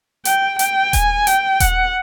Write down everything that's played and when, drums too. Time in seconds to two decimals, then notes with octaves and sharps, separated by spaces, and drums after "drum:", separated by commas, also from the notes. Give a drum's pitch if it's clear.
0.25 G5, drum: hi-hat
0.59 G5, drum: hi-hat
0.93 G#5, drum: kick D#1, hi-hat
1.27 G5, drum: hi-hat
1.60 F#5, drum: kick D#1, hi-hat